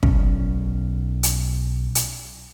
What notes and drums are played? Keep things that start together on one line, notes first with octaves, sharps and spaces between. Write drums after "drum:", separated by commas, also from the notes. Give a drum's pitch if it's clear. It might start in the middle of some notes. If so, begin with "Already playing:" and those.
B1 C#4, drum: kick
drum: hi-hat
drum: hi-hat